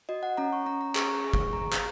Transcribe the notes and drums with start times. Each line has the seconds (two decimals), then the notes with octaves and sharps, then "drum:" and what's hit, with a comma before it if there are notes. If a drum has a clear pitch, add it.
0.09 F#4 D#5
0.23 F#5
0.37 C#4 A#5
0.53 C#6
0.66 C#4 A#5
0.81 A#5
0.95 G#4 C#6, drum: clap
1.14 C#6
1.24 G#4
1.33 C#6, drum: kick G1
1.53 G#4 A#5
1.72 drum: clap